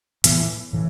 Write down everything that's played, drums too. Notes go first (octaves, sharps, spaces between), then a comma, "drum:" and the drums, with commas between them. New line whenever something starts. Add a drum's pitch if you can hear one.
A2 E3 B3, drum: hi-hat
A2 E3